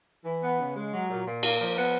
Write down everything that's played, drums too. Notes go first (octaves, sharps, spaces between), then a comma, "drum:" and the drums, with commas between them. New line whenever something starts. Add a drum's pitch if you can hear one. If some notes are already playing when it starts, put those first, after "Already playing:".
E3
B3
C#3
G#3
F#3
A#2
A#2
A#3, drum: cymbal
F3
B3